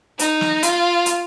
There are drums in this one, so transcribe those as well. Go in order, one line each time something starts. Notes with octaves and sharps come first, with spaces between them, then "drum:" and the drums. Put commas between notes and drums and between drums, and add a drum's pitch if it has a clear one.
D#4, drum: hi-hat
drum: snare
F4, drum: hi-hat
drum: hi-hat